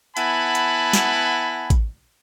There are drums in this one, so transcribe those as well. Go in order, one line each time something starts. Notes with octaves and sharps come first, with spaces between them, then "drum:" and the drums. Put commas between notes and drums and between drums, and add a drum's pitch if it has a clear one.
B3 E4 F#5 G#5 A5 B5, drum: hi-hat
drum: hi-hat
drum: snare
drum: kick A1, hi-hat